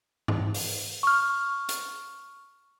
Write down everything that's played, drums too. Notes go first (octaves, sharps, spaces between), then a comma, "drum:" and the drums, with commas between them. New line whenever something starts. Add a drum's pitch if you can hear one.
drum: tom G#2
drum: open hi-hat
C#6 F6
drum: hi-hat